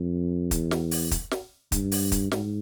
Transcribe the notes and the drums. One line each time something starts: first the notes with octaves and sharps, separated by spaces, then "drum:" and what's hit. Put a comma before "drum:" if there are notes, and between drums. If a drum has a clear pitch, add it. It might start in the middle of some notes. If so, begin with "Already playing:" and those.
Already playing: F2
E2, drum: kick, hi-hat
drum: snare
drum: open hi-hat
drum: kick, hi-hat
drum: snare
G2, drum: kick, hi-hat
drum: open hi-hat
drum: kick, hi-hat
G#2, drum: snare